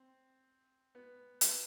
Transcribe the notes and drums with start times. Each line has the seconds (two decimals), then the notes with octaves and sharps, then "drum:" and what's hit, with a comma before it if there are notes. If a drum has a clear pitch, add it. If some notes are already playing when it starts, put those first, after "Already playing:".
Already playing: C4
0.95 B3
1.41 B3, drum: hi-hat